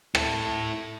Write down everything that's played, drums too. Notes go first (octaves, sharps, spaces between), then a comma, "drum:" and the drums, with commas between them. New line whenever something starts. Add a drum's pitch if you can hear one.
E4 A4, drum: rim click